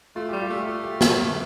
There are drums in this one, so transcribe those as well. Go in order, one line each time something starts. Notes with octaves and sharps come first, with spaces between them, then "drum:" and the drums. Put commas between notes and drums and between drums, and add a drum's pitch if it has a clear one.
A3 F4
G3 G4
F4
A3 G4
A3 F4
G4
A#4, drum: snare